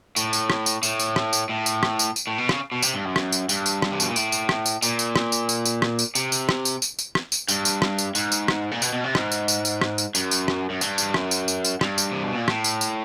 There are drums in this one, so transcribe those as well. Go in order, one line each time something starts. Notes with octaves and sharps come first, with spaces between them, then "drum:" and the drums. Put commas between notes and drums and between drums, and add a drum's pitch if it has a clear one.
A2, drum: tambourine
drum: tambourine
drum: rim click
drum: tambourine
A2, drum: tambourine
drum: tambourine
drum: rim click
drum: tambourine
A2
drum: tambourine
drum: rim click
drum: tambourine
drum: tambourine
A2
B2
C#3, drum: rim click
B2
C3, drum: tambourine
G2
F#2
drum: rim click
drum: tambourine
G2, drum: tambourine
drum: tambourine
drum: rim click
C3
B2, drum: tambourine
A#2
A2, drum: tambourine
drum: tambourine
drum: rim click
drum: tambourine
A#2, drum: tambourine
drum: tambourine
drum: rim click
drum: tambourine
drum: tambourine
drum: tambourine
drum: rim click
drum: tambourine
C3, drum: tambourine
drum: tambourine
drum: rim click
drum: tambourine
drum: tambourine
drum: tambourine
drum: rim click
drum: tambourine
G2, drum: tambourine
drum: tambourine
drum: rim click
drum: tambourine
G#2, drum: tambourine
drum: tambourine
drum: rim click
A#2
B2, drum: tambourine
B2
C3
G#2, drum: rim click
drum: tambourine
drum: tambourine
drum: tambourine
drum: rim click
drum: tambourine
F#2, drum: tambourine
drum: tambourine
drum: rim click
F#2
G2, drum: tambourine
drum: tambourine
F#2, drum: rim click
drum: tambourine
drum: tambourine
drum: tambourine
G2, drum: rim click
drum: tambourine
C3
B2
A#2
A2, drum: rim click
drum: tambourine
drum: tambourine